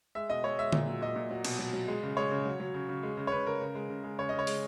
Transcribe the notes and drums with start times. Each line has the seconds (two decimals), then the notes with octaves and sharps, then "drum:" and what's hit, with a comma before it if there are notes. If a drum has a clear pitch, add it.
0.15 G#3 E5
0.30 B2 D#5
0.44 G#3 C#5
0.59 G#3 E5
0.73 A#2, drum: tom D3
0.87 F#3
1.02 A#2 D#5
1.16 A#2
1.31 F#3
1.45 B2, drum: cymbal
1.59 F#3
1.73 F#3
1.88 G#3
2.03 C#3
2.17 G#3 C#5
2.31 C#3
2.46 F#3
2.60 F#3
2.74 C#3
2.89 C#3
3.03 G#3
3.17 C#3
3.27 C#5
3.32 C#3 B4
3.47 C#3 A#4
3.61 C#3
3.75 G#3
3.89 C#3
4.04 G#3
4.18 C#3 C#5
4.29 C#3 D#5
4.39 C#5
4.47 G#3, drum: open hi-hat